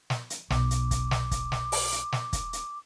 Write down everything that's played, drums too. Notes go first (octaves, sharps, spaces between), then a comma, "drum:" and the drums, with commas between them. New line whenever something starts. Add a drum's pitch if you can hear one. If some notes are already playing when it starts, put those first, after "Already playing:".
drum: snare
drum: hi-hat
B1 D6, drum: snare
drum: hi-hat
drum: kick, hi-hat
drum: snare
drum: kick, hi-hat
drum: snare
drum: open hi-hat
drum: hi-hat
drum: snare
drum: kick, hi-hat
drum: hi-hat